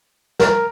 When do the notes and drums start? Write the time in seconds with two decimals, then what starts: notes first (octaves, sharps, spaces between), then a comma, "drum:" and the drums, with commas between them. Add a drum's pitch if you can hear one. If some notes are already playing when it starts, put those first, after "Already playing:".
0.39 A#4, drum: snare